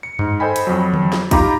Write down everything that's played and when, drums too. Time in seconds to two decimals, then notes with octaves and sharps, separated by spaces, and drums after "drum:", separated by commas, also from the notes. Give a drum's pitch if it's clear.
0.03 C#7
0.19 G#2, drum: tom F#2
0.40 A4 C5 D#5 G5 G#5 B5
0.56 drum: hi-hat
0.67 F2 F#3
0.94 drum: tom D3
1.12 drum: snare
1.31 D#4 F4 G4 A#5 B5 D6, drum: kick, hi-hat